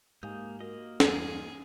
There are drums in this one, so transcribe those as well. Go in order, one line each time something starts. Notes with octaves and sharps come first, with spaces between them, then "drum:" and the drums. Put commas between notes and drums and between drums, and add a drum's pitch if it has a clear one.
G#2 A#3 G4 F5 G#5 D#6 G6
A#3 F#4 A#4 D#5
E2 G2 G#4, drum: snare